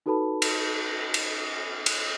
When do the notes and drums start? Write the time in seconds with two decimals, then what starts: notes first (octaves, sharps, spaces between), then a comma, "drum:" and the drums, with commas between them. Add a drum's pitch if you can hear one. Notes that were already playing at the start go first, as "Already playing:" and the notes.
0.06 D#4 F#4 A4 B4 A5 B5
0.42 drum: cymbal
1.14 drum: cymbal
1.86 drum: cymbal